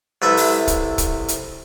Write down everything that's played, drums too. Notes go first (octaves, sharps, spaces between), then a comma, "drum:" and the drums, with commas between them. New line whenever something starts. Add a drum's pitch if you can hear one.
C2 A4 B4 E5
drum: open hi-hat
drum: kick, hi-hat
drum: kick, hi-hat
drum: hi-hat